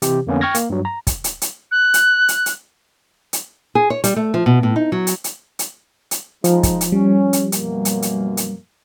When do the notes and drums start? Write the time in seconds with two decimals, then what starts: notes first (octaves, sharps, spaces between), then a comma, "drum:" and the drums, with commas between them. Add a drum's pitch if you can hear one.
0.02 C3 E3 G4, drum: hi-hat
0.27 F2 D3 A#3 B3 C#4
0.41 G5 C#6 F6 G#6 A#6
0.55 A#3, drum: hi-hat
0.70 G2 F#3
0.85 A#5
1.07 drum: kick, hi-hat
1.24 drum: hi-hat
1.42 drum: hi-hat
1.71 F#6
1.94 drum: hi-hat
2.28 drum: hi-hat
2.46 drum: hi-hat
3.33 drum: hi-hat
3.75 G#4
3.90 C#5
4.04 G3, drum: hi-hat
4.16 A3
4.34 F3
4.46 B2
4.63 A2
4.76 D#4
4.92 F#3
5.07 drum: hi-hat
5.24 drum: hi-hat
5.59 drum: hi-hat
6.11 drum: hi-hat
6.44 F3 G#3 D#4 F4, drum: hi-hat
6.63 drum: kick, hi-hat
6.81 drum: hi-hat
6.92 G3 C#4
7.33 drum: hi-hat
7.52 F#2 B2 A#3, drum: hi-hat
7.85 drum: hi-hat
8.02 drum: hi-hat
8.37 drum: hi-hat